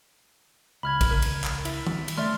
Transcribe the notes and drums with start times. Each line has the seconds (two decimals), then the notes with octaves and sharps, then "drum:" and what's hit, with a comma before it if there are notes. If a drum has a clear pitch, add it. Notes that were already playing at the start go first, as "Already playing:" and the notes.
0.83 C#2 B5 F6 G#6
1.01 drum: kick A1, cymbal
1.11 A#4
1.22 drum: cymbal
1.44 drum: clap
1.65 E4 E5, drum: cymbal
1.87 drum: tom D#3
2.08 drum: cymbal
2.18 A3 D5 E5 C6 F6